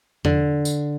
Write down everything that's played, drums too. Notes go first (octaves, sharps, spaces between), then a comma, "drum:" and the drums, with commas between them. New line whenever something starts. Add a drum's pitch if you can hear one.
D3, drum: tom E2
drum: tambourine